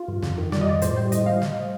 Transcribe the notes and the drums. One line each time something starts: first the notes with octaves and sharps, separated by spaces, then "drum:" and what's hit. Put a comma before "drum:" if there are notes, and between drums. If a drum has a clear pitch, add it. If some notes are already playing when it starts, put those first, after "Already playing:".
Already playing: F4
G2
F2, drum: snare
D#3
G3 D5, drum: snare
D#5
F2 D5
A2 C5, drum: hi-hat
G3 C5
A2 D#5, drum: hi-hat
G3 F5
drum: snare